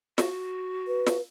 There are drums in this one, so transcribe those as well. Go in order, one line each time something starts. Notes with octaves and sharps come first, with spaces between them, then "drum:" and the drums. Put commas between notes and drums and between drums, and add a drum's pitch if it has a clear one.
F#4, drum: snare
B4
drum: snare